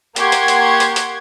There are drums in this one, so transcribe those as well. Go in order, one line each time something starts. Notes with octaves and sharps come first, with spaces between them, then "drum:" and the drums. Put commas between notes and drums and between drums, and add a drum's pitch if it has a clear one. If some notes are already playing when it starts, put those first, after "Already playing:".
A#3 G4 F#5 C6 C#6 G#6, drum: hi-hat
drum: hi-hat
drum: hi-hat
drum: hi-hat
drum: hi-hat